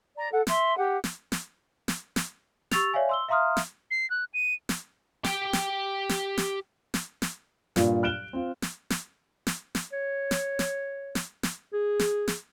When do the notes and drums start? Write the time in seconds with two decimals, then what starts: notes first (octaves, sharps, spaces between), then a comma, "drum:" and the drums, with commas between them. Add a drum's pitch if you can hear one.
0.17 D5 A#5
0.33 A4 F#5
0.47 E5 C6, drum: snare
0.77 G4 F#5
1.04 drum: snare
1.32 drum: snare
1.88 drum: snare
2.16 drum: snare
2.71 G4 C#6 E6 A6 F7, drum: snare
2.93 C#5 D5 E5 F5 G#5
3.09 C6 E6 G7
3.28 E5 F5 A#5 C6 D#6 F6
3.57 drum: snare
3.91 C7
4.10 F#6
4.34 D#7
4.69 drum: snare
5.24 G4 G5, drum: snare
5.53 drum: snare
6.09 drum: snare
6.38 drum: snare
6.94 drum: snare
7.22 drum: snare
7.76 G2 A#2 F4, drum: snare
8.03 F6 F#6 D7 E7 G7
8.33 C4 F4
8.62 drum: snare
8.90 drum: snare
9.47 drum: snare
9.75 drum: snare
9.93 C#5
10.31 drum: snare
10.59 drum: snare
11.15 drum: snare
11.43 drum: snare
11.73 G#4
11.99 drum: snare
12.28 drum: snare